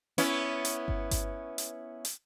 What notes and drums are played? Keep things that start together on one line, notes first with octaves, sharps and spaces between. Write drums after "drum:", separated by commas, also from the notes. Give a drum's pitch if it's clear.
B3 C#4 E4, drum: hi-hat
drum: hi-hat
drum: kick G1
drum: kick G1, hi-hat
drum: hi-hat
drum: hi-hat